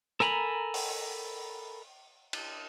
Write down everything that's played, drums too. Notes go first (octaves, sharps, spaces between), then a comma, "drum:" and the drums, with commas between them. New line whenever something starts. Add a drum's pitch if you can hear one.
A4 A#4 G#5 A#5 B5, drum: rim click
drum: open hi-hat
drum: cymbal